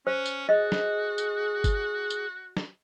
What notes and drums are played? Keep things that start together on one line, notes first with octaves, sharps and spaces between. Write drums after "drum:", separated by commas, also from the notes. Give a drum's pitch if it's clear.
C#4 C5
drum: tambourine
F#4 G#4 D#5
drum: snare
drum: tambourine
drum: kick G1, tambourine
drum: tambourine
drum: snare